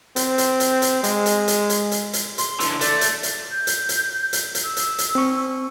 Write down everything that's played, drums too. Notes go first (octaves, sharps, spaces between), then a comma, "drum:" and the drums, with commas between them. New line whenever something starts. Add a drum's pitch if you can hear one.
C4, drum: hi-hat
drum: hi-hat
drum: hi-hat
drum: hi-hat
G#3, drum: hi-hat
drum: hi-hat
drum: hi-hat
drum: hi-hat
drum: hi-hat
drum: hi-hat
C6, drum: hi-hat
D3 E3, drum: hi-hat
A3 D5, drum: hi-hat
drum: hi-hat
drum: hi-hat
G6
drum: hi-hat
drum: hi-hat
drum: hi-hat
drum: hi-hat
E6
drum: hi-hat
drum: hi-hat
C4 C#6